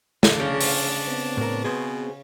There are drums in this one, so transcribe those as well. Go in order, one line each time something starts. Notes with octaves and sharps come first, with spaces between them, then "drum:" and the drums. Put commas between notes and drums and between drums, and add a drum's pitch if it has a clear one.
D4 A4 F5, drum: snare
C#3 G5 A#5
drum: open hi-hat
B3 C4
A2 A#4
B2 G#4 C5